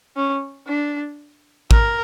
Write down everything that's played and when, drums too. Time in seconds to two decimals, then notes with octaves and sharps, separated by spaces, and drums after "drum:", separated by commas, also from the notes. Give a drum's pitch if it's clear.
0.16 C#4
0.68 D4
1.71 A#4, drum: kick A1